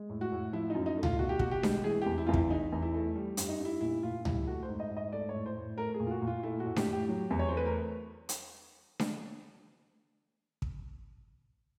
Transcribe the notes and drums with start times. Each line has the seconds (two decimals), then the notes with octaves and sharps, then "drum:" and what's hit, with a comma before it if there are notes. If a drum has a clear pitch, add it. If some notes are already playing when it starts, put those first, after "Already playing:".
Already playing: G#3
0.09 A2
0.21 F#4
0.32 A2
0.53 F3 E4
0.70 F#2 D#4
0.86 D#4
0.97 A3
1.03 F4, drum: tom C#2
1.19 B2 F#4
1.29 G4
1.39 B2 F#4, drum: kick
1.51 G4
1.63 G#3, drum: snare D4
1.84 E3 G#4
2.02 E2 G4
2.18 E4
2.27 E2 F4
2.34 E4, drum: kick
2.50 E3 D#4
2.72 E2
2.82 E4
2.94 A3
3.16 G3
3.37 G2, drum: hi-hat
3.49 D#4
3.60 G2
3.65 E4
3.81 A#2 E4
4.03 A#2 F4
4.25 G3 E4, drum: tom C#2
4.47 A3 F#4
4.63 C5
4.69 G#2
4.80 D#5
4.90 G#2
4.97 D#5
5.12 A3 D5
5.29 C#5
5.35 A2
5.46 C5
5.56 A2
5.78 A3 A#4
5.94 G#4
6.00 A#2
6.07 F4
6.11 F#4
6.22 A#2
6.27 F4
6.43 A3 E4
6.60 F#4
6.66 A2
6.76 G4, drum: snare D4
6.87 A2
6.93 G4
7.09 F#3
7.30 E2
7.39 C#5
7.48 C5
7.53 A3 B4
7.66 A#4
8.29 drum: hi-hat
9.00 drum: snare D4
10.62 drum: kick